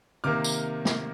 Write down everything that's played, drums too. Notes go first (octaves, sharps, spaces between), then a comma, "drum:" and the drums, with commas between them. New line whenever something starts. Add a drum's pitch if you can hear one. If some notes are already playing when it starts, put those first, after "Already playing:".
C3 D#3 A#3 D6 F6
drum: tambourine
drum: snare